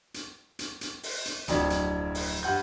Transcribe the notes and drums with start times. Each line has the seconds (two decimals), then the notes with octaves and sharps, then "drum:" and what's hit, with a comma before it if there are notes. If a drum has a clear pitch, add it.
0.14 drum: hi-hat
0.59 drum: hi-hat
0.81 drum: hi-hat
1.03 drum: open hi-hat
1.26 drum: hi-hat
1.48 D1 F2 F#3 D4, drum: hi-hat
1.70 drum: hi-hat
2.15 drum: open hi-hat
2.43 G2 F#5 G6